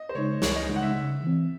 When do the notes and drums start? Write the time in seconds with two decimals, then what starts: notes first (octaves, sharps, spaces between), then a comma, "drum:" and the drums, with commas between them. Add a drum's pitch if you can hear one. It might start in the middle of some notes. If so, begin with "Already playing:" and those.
Already playing: D#5
0.09 C5
0.15 C#3 G#3 D#4 C#5
0.42 C#2 C#5, drum: snare
0.56 D#5
0.69 C#3 G#3 D#4
0.76 F#5
0.83 E5
0.96 C#3
1.22 E3 C4